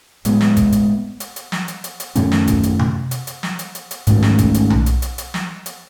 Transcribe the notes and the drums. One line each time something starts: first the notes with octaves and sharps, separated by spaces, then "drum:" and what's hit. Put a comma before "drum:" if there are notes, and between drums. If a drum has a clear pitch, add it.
A2 G#3 B3, drum: hi-hat
drum: snare
drum: kick, hi-hat
drum: hi-hat
drum: hi-hat
drum: hi-hat
drum: snare
drum: hi-hat
drum: hi-hat
drum: hi-hat
F#2 D#3 A3 C#4, drum: hi-hat
drum: snare
drum: kick, hi-hat
drum: hi-hat
drum: tom C3
drum: hi-hat
drum: hi-hat
drum: snare
drum: hi-hat
drum: hi-hat
drum: hi-hat
G#2 D#3 A3 C#4, drum: hi-hat
drum: snare
drum: kick, hi-hat
drum: hi-hat
drum: tom B1
drum: hi-hat
drum: hi-hat
drum: hi-hat
drum: snare
drum: hi-hat